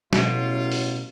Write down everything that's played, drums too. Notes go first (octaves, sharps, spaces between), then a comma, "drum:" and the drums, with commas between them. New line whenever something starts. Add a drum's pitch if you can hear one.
A1 B2 F#3 F4, drum: snare
drum: open hi-hat